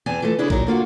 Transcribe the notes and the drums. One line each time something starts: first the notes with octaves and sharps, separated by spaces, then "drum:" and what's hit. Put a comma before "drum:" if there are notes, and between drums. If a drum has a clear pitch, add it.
E2 C4 G#5 A5
E3 F3 A3
C#3 C#4 D4 E4 G#4
A#2 F#3 D#4 A#4, drum: kick A1
D3 A#3 F4 F#4